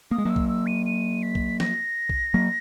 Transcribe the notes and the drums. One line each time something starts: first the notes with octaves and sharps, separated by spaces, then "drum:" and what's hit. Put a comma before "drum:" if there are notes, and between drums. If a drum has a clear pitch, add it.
A#3 D#6
G#3
F#3 A#3 E6
drum: kick B1
E6
D#7
D#7
B6
drum: kick B1
A#6, drum: snare
drum: kick B1
F#3 A#3